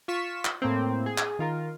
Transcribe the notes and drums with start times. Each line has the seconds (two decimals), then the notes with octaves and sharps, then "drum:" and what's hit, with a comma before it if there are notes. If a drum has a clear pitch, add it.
0.08 F4 C#6 B6 E7
0.45 drum: clap
0.62 A2 A#3 C4
1.06 G#4
1.18 drum: clap
1.39 D#3 F4 A#4